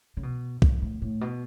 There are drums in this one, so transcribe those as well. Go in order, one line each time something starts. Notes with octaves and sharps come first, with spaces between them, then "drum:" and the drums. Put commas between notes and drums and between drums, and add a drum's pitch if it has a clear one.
C#3
B2
G#2, drum: kick
A2
A2
B2